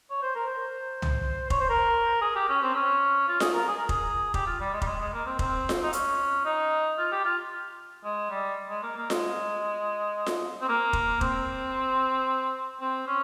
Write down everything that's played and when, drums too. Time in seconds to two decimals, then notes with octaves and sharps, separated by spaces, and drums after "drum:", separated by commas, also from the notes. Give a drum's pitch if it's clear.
0.10 C#5
0.22 C5
0.35 A#4
0.47 C5
1.02 drum: tom
1.50 C#5, drum: kick F1
1.60 C5
1.69 A#4
2.21 G#4
2.35 G4
2.49 C#4
2.62 C4
2.75 C#4
3.28 F4
3.40 G#4, drum: snare F4
3.53 A#4
3.68 G#4
3.78 A#4
3.89 G#4, drum: kick F1
4.34 G4, drum: kick F1
4.46 F4
4.60 G3
4.73 G#3
4.82 G3, drum: kick F1
4.86 G#3
5.00 G#3
5.13 A#3
5.26 C4
5.39 C4, drum: kick F1
5.69 drum: snare F4
5.83 D#4
5.93 C#4, drum: hi-hat
6.45 D#4
6.98 F4
7.12 G4
7.24 F4
8.04 G#3
8.30 G3
8.69 G#3
8.83 A#3
8.96 A#3
9.10 G#3, drum: snare F4
10.26 drum: snare F4
10.61 C4
10.69 A#3
10.93 drum: kick F1
11.21 C4, drum: kick F1
12.80 C4
13.07 C#4